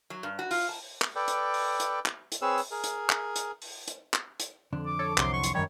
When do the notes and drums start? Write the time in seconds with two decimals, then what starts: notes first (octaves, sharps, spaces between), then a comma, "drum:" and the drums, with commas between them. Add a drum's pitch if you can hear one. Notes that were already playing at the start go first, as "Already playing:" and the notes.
0.10 F#3
0.23 G2
0.39 F#4
0.51 F4, drum: open hi-hat
0.69 A5
1.02 drum: clap
1.16 A4 B4 D5 G5
1.28 drum: hi-hat
1.54 drum: open hi-hat
1.80 drum: hi-hat
2.06 drum: clap
2.32 drum: hi-hat
2.42 C4 G#4 B4 C#5 E6
2.58 drum: open hi-hat
2.71 G#4 A#4
2.84 drum: hi-hat
3.10 drum: clap
3.36 drum: hi-hat
3.62 drum: open hi-hat
3.88 drum: hi-hat
4.14 drum: clap
4.40 drum: hi-hat
4.73 F2 D3 D4
4.86 D6
4.99 A4 C#5
5.18 C2 F#3 C6, drum: clap
5.33 C#6
5.43 drum: hi-hat
5.55 F#2 D#3 G3 C#5